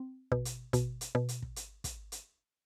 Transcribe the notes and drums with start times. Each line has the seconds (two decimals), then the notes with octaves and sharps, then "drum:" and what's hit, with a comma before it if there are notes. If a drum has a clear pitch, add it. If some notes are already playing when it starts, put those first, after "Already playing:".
Already playing: C4
0.32 B2, drum: kick
0.45 drum: hi-hat
0.73 B2, drum: kick, hi-hat
1.01 drum: hi-hat
1.15 B2
1.29 drum: hi-hat
1.42 drum: kick
1.56 drum: hi-hat
1.84 drum: kick, hi-hat
2.12 drum: hi-hat